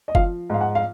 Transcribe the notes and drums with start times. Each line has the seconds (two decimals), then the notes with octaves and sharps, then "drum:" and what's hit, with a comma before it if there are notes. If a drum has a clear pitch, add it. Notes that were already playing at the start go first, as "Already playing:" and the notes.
0.08 D#5
0.15 F3 F5, drum: kick F#1
0.50 G#2 F5
0.61 F#5
0.75 F5